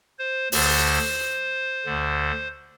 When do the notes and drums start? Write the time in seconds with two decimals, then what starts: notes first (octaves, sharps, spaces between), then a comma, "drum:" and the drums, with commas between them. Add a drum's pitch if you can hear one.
0.19 C5
0.52 D2 D3 C5, drum: open hi-hat
1.85 D2 D3